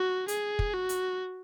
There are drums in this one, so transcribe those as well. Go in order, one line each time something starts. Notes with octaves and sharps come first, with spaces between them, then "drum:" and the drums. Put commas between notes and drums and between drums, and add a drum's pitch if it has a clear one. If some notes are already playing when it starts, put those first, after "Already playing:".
Already playing: F#4
G#4, drum: hi-hat
drum: kick
F#4
drum: hi-hat